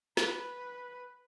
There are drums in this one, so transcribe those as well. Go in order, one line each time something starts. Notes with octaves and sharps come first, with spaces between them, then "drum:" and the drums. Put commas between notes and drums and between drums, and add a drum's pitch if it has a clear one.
B4, drum: snare